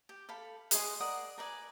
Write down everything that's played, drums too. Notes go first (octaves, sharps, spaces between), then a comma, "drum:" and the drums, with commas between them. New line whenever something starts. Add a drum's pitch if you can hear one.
G4
A4 F5 B5
G#4 B4 D#5 C6, drum: hi-hat
A#4 D5 F#5 D#6
A#4 B4 D5 G#5